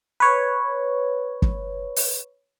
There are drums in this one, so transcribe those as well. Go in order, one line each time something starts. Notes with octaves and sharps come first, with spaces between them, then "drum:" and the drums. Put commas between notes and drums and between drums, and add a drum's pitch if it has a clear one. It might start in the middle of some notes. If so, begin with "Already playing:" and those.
B4 C#5
drum: kick
drum: open hi-hat